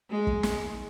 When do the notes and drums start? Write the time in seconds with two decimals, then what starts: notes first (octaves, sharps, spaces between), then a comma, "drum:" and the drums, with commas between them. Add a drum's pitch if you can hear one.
0.10 G#3
0.27 drum: kick
0.43 drum: snare